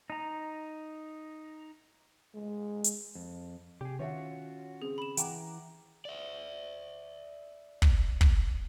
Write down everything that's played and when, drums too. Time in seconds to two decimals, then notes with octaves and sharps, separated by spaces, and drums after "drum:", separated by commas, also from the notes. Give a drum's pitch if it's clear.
0.10 D#4 A#5
2.34 G#3
2.84 drum: hi-hat
3.15 F2
3.81 C3 G4 G#4
3.99 D#3 C#4 F4 F#4 C#5 E5 F#5
4.82 C#3 C4 G#4
4.98 B5 E7
5.17 E3 F#5 G5 A#5 D6, drum: hi-hat
6.05 D5 E5
7.82 drum: kick
8.21 drum: kick